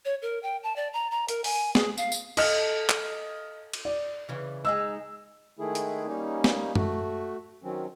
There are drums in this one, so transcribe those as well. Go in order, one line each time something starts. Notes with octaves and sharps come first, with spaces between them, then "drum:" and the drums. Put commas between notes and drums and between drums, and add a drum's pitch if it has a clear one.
C#5
A#4
G5
A5
D5
A#5
A#5
A#4, drum: hi-hat
G#5, drum: open hi-hat
G#4, drum: snare
F5, drum: tambourine
drum: tambourine
A4 D#5 F6, drum: cymbal
drum: clap
drum: cymbal
D5
C#3 E3
G#3 D#4 G#4 E6
D#3 G#3 A3 E4 G#4
drum: hi-hat
G3 A#3 C#4 D#4
drum: snare
A3 F#4, drum: tom F#2
D#3 F#3 C4 C#4